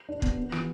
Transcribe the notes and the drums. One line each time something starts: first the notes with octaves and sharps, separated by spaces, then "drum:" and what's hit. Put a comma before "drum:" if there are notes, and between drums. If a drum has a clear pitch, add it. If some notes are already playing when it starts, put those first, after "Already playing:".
D4
B3, drum: kick
B3
E3, drum: rim click